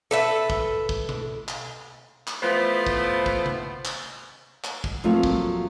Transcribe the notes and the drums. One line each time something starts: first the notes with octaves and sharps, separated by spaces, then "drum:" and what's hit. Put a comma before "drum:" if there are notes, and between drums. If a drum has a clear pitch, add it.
A4 B4 E5
drum: kick
drum: kick
drum: tom B2
drum: clap
drum: clap
E3 F3 A3 B3 C5
drum: kick
drum: kick
drum: tom C3
drum: clap
drum: clap
drum: kick
F3 F#3 A3 A#3 C4 F4
drum: kick